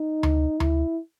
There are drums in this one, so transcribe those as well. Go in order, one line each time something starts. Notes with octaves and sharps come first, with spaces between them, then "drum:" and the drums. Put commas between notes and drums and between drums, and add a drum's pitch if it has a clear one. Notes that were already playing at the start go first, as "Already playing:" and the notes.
Already playing: D#4
drum: tom D2
E4, drum: tom D2